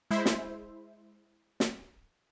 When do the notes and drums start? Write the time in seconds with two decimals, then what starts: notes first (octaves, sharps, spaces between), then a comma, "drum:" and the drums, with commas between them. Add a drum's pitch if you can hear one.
0.11 G#3 E4 C5 E5
0.26 drum: snare
1.60 drum: snare